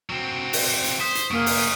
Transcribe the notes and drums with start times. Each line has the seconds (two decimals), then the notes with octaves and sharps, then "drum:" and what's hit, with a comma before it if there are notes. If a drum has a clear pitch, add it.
0.10 F#3 C4 F#4
0.53 drum: open hi-hat
0.84 drum: hi-hat
1.00 C5 D#6 B6
1.15 drum: hi-hat
1.31 F#2 A#3 G#4 C#6 D#6 F6
1.46 drum: open hi-hat